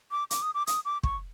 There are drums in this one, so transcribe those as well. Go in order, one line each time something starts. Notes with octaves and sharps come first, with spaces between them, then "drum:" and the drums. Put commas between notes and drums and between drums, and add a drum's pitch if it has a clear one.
D6
D6, drum: hi-hat
D#6
D6
D#6, drum: hi-hat
D6
C#6, drum: kick